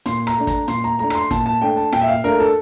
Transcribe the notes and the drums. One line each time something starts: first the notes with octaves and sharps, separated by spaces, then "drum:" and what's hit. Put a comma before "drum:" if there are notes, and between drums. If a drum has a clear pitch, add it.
A#2 C6, drum: hi-hat
A#5, drum: rim click
A3 D4
A#5, drum: kick, hi-hat
A#2 C6, drum: hi-hat
A#5
A3 D4 A#5
A#5, drum: rim click
C6
A#2 A5, drum: kick, hi-hat
A5
A3 D4 G5
A5
A#2 G5, drum: rim click
E5
F5
A3 D4 A#4
A4